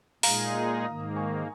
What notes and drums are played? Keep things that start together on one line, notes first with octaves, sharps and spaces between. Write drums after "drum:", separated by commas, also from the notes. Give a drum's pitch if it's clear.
A#2 G#3 D#4 G#4 F5 A#5, drum: open hi-hat
G#2 D#3 A#3 A#5 D#6
G#5 C#6